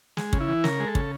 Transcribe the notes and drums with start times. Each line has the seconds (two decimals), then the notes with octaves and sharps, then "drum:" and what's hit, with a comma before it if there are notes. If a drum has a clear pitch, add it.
0.17 G#3, drum: snare
0.33 C#3, drum: kick
0.41 E4
0.48 E3
0.64 C#3 A#4, drum: snare
0.80 G#3
0.87 A4
0.95 C#3, drum: kick